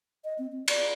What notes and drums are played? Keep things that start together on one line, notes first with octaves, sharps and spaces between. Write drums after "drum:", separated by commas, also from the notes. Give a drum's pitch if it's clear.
D#5
C4
C4
D5, drum: cymbal